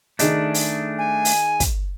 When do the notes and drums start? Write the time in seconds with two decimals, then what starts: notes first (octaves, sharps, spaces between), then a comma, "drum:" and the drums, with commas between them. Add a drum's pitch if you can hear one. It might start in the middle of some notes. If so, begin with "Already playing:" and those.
0.19 D#3 A3 D4 G#4 D#5, drum: hi-hat
0.54 drum: open hi-hat
0.99 G#5
1.25 drum: open hi-hat
1.60 drum: kick, hi-hat